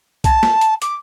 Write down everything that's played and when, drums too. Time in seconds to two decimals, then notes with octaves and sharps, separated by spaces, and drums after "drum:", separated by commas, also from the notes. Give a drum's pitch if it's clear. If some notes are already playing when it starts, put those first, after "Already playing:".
0.24 A5, drum: kick B1, hi-hat
0.43 drum: snare
0.61 drum: hi-hat
0.82 D6, drum: hi-hat